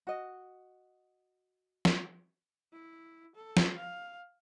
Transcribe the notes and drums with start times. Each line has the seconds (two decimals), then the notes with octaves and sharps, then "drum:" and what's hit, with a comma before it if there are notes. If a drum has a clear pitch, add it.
0.07 F#4 D#5
1.85 drum: snare
2.73 E4
3.35 A4
3.57 drum: snare
3.76 F5